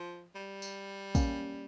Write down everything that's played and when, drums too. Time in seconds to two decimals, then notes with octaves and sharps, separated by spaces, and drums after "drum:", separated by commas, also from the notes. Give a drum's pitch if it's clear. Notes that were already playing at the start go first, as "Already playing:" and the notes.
Already playing: F3
0.35 G3
0.62 drum: tambourine
1.15 A#3 C#4, drum: kick, tambourine